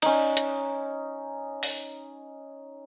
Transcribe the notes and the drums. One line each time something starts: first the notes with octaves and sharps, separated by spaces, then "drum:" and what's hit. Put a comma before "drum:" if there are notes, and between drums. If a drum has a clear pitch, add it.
C#4 D#4, drum: cymbal
drum: hi-hat
drum: open hi-hat